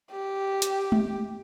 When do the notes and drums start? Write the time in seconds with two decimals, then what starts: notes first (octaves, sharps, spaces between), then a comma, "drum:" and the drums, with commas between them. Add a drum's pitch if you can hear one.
0.12 G4
0.62 drum: hi-hat
0.92 drum: tom G#3